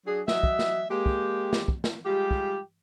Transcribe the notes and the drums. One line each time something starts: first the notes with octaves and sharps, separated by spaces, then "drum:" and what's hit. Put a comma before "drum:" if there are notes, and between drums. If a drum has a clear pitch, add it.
F#3 D4 G#4
F#3 D#5 E5, drum: snare
drum: kick
drum: snare
G#3 A#3 G4
drum: kick
drum: snare
drum: kick
drum: snare
G3 G#3 F4 G4
drum: kick